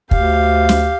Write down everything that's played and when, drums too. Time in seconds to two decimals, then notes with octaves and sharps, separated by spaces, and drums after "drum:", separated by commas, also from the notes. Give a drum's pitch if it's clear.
0.11 D2 G4 F5, drum: kick
0.69 drum: snare